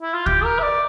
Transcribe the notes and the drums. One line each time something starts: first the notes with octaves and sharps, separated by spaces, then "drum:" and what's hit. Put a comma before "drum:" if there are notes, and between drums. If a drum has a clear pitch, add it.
E4
F4
G4, drum: kick
A#4
E5
D5